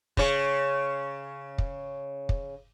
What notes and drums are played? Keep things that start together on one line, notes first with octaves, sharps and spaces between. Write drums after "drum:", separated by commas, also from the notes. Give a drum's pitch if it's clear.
C#3 C#5, drum: kick
drum: kick
drum: kick